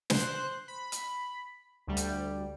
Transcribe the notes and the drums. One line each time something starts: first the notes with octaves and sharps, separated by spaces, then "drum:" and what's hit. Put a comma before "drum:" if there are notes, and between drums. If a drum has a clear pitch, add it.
C5 C6 F#6, drum: snare
B5
drum: hi-hat
D2 G3
drum: hi-hat